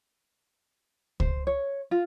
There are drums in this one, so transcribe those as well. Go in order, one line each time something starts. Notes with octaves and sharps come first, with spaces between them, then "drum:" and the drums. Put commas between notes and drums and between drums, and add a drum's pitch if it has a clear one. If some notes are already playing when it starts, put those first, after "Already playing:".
C5, drum: kick C#2
C#5
F4